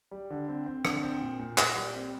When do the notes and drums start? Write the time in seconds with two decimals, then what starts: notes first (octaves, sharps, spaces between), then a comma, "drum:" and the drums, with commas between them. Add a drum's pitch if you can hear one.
0.11 G3
0.30 D3
0.48 C4
0.66 C4
0.85 D3, drum: rim click
1.03 C4
1.21 A#2
1.39 A#2
1.58 A#2, drum: clap
1.75 G3
1.94 C4